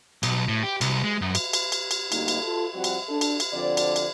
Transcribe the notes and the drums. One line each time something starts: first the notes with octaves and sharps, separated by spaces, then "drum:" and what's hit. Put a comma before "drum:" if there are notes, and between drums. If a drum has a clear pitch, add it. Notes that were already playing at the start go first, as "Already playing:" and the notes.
B1, drum: cymbal
A2
G4
C2, drum: cymbal
G#3
F#2
drum: cymbal
drum: cymbal
drum: cymbal
drum: cymbal
D2 G3 A#3 D#4, drum: cymbal
drum: cymbal
F4 A4
F3 G3 C4 F#4
drum: cymbal
D4 A4
drum: cymbal
drum: cymbal
D3 F3 C4 F#4 D5
drum: cymbal
drum: cymbal